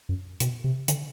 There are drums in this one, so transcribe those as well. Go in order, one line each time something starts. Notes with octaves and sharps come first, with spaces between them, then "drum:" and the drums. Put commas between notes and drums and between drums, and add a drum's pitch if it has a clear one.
F#2
B2, drum: hi-hat
C3
D3, drum: hi-hat